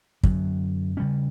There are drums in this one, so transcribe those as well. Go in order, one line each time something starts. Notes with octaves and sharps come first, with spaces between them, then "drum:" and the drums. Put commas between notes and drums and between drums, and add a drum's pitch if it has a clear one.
F#2 D3 F#3, drum: kick
C#3 G3 C#4